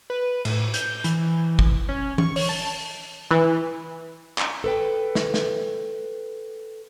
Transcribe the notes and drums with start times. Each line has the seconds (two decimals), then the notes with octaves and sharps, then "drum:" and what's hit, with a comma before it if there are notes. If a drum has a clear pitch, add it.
0.10 B4
0.45 A2, drum: cymbal
0.74 G6, drum: hi-hat
1.04 E3, drum: hi-hat
1.59 drum: kick
1.89 C#4
2.18 C#6, drum: tom E3
2.36 C#5, drum: open hi-hat
2.49 A5
3.31 E3
4.38 drum: clap
4.64 A4 B4 G5
5.15 drum: snare
5.34 drum: snare